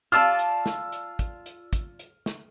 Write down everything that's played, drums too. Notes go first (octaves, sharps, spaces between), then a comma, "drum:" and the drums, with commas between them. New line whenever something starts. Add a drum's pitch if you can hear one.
F4 D5 A5 E6 F6, drum: hi-hat
drum: hi-hat
drum: snare
drum: hi-hat
drum: kick, hi-hat
drum: hi-hat
drum: kick, hi-hat
drum: hi-hat
drum: snare